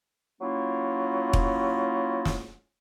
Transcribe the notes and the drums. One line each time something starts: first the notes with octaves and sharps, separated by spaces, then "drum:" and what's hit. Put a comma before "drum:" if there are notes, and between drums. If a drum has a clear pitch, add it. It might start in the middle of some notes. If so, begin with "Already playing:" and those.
F#3 A#3 C#4 E4 F4
drum: kick E1
drum: snare